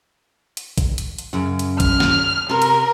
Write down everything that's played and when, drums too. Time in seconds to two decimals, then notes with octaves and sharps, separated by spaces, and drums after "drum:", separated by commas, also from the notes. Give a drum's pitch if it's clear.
0.57 drum: hi-hat
0.78 drum: kick, hi-hat
0.98 drum: hi-hat
1.18 drum: hi-hat
1.33 F#2 C#3
1.59 drum: hi-hat
1.80 F6, drum: kick, hi-hat
2.00 drum: snare
2.49 C3 A#4 B4
2.62 drum: hi-hat